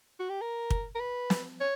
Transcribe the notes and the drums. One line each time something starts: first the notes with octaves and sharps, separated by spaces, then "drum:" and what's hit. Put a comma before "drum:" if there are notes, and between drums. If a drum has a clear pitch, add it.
F#4
G4
A#4
drum: kick
A#4
B4
drum: snare
C#5